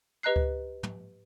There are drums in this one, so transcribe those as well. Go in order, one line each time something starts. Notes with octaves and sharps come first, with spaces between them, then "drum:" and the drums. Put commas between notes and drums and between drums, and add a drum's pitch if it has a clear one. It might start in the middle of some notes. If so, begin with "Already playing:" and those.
G4 B4 D#5 A#5 F#6 C7
drum: kick C#2
drum: tom